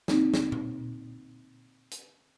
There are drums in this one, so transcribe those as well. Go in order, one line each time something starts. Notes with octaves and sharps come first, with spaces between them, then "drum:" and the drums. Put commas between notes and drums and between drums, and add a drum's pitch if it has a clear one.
D3 A#3 C4 D#4, drum: snare
drum: snare
drum: tom A#2
drum: hi-hat